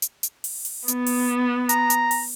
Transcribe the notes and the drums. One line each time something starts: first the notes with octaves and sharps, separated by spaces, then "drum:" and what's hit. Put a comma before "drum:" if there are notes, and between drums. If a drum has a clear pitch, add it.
drum: hi-hat
drum: hi-hat
drum: open hi-hat
drum: open hi-hat
B3, drum: hi-hat
drum: open hi-hat
A#5, drum: hi-hat
drum: hi-hat
drum: open hi-hat